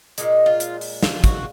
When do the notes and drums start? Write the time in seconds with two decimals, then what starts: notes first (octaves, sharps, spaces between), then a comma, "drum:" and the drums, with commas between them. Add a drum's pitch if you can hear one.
0.18 A#2 G#3 D#4, drum: hi-hat
0.46 F4
0.60 drum: hi-hat
0.81 drum: open hi-hat
1.03 F4, drum: snare
1.24 F#4, drum: kick, hi-hat